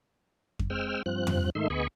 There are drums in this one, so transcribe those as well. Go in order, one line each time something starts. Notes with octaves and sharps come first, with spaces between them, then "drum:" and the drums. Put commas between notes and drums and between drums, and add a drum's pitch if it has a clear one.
drum: kick F2
G#3 C4 G5 E6 F6
G2 F3 C4 F#6
drum: tom F2
G#2 D#3 A3 D#4 E5 C6
D2 B3 G#4 D#5 B5 C#6